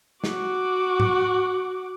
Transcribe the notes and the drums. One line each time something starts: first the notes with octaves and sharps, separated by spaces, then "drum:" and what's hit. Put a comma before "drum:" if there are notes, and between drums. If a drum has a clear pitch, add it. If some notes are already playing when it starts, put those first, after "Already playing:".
F#4 D6, drum: snare
drum: tom G#2